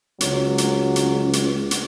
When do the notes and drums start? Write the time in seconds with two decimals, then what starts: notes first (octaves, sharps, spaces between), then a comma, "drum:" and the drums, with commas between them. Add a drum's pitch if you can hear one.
0.21 C#2 F#3, drum: hi-hat
0.58 drum: hi-hat
0.96 drum: hi-hat
1.33 drum: hi-hat
1.71 drum: hi-hat